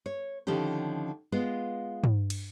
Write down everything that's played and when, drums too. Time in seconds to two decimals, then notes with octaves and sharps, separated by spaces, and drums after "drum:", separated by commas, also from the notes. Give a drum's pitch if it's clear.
0.06 C#5
0.47 D3 D#3 F3 C#4 G4
1.32 G#3 B3 F4
2.04 drum: tom
2.30 drum: cymbal